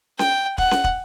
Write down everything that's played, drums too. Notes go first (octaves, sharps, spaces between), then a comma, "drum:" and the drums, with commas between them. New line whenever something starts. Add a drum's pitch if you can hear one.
G5, drum: snare C#4
F#5, drum: kick
drum: snare C#4
drum: kick